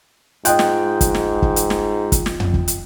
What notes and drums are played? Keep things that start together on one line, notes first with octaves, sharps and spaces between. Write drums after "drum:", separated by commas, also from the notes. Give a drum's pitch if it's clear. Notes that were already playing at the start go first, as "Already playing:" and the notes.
G#2 F4 D#5 G5 F#6, drum: hi-hat
drum: snare
drum: kick, hi-hat
drum: snare
drum: kick
drum: hi-hat
drum: snare
drum: kick, hi-hat
drum: snare
drum: tom
drum: kick
drum: hi-hat